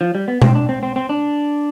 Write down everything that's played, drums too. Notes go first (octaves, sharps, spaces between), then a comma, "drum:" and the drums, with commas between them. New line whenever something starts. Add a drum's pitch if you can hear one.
F3
G3
B3
C4, drum: tom B2
D4
C4
C4
C4
D4